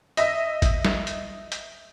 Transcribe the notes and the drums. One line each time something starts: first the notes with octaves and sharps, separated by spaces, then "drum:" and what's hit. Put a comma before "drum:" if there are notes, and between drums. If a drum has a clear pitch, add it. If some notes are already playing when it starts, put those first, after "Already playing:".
D#5 E5, drum: hi-hat
drum: kick, hi-hat
drum: snare
drum: hi-hat
drum: hi-hat